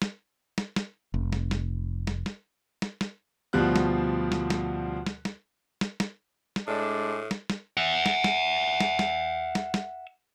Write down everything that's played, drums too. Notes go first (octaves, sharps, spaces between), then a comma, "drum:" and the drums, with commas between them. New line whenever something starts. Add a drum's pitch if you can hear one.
drum: snare
drum: snare
drum: snare
F1
drum: snare
drum: snare
drum: snare
drum: snare
drum: snare
drum: snare
D2 B2 F3 G3 C5 F#6
drum: snare
drum: snare
drum: snare
drum: snare
drum: snare
drum: snare
drum: snare
drum: snare
A2 G#3 D4
drum: snare
drum: snare
E5 F#5
drum: snare
drum: snare
drum: snare
drum: snare
drum: snare
drum: snare